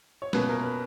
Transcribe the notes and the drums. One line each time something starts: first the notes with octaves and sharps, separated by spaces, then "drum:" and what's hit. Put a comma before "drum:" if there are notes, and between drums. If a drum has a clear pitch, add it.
C#5
B2 A#3 C#4 B4, drum: snare
A#4
B4